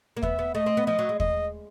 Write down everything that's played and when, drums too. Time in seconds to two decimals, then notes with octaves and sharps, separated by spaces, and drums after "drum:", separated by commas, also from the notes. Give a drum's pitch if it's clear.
0.17 A#3
0.22 B3 E5, drum: kick
0.39 B3
0.55 A3 D#5
0.66 C4
0.77 B3
0.87 F3 D#5
0.99 F#3
1.09 G#3
1.20 D#5, drum: kick